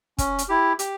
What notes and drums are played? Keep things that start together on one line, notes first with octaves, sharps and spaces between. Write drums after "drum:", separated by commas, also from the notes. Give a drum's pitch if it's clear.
C#4, drum: kick, hi-hat
drum: hi-hat
E4 G4
G4, drum: hi-hat